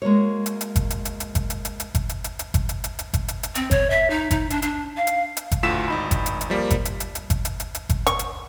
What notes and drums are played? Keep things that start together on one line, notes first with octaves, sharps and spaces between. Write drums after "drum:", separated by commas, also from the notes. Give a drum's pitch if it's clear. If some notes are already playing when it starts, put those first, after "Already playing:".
G#3 A#3 F#4 C#5
drum: hi-hat
drum: hi-hat
drum: kick G1, hi-hat
drum: hi-hat
drum: hi-hat
drum: hi-hat
drum: kick G1, hi-hat
drum: hi-hat
drum: hi-hat
drum: hi-hat
drum: kick G1, hi-hat
drum: hi-hat
drum: hi-hat
drum: hi-hat
drum: kick G1, hi-hat
drum: hi-hat
drum: hi-hat
drum: hi-hat
drum: kick G1, hi-hat
drum: hi-hat
drum: hi-hat
C4, drum: hi-hat
C#5, drum: kick G1, hi-hat
E5
D#4
D#4, drum: kick G1, hi-hat
D4, drum: hi-hat
D4, drum: hi-hat
F5
drum: hi-hat
drum: hi-hat
drum: kick G1, hi-hat
D2 A2 F4 E6 B6 E7
G#1 D#4 B5
drum: kick G1, hi-hat
drum: hi-hat
drum: hi-hat
F3 G3 A#3
drum: kick G1, hi-hat
drum: hi-hat
drum: hi-hat
drum: hi-hat
drum: kick G1, hi-hat
drum: hi-hat
drum: hi-hat
drum: hi-hat
drum: kick G1, hi-hat
C#6, drum: hi-hat
drum: hi-hat